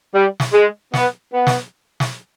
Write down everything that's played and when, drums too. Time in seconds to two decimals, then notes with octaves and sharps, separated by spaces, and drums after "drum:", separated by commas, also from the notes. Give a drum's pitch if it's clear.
0.13 G3
0.40 drum: snare
0.53 G#3
0.94 B3, drum: snare
1.33 B3
1.47 drum: snare
2.00 drum: snare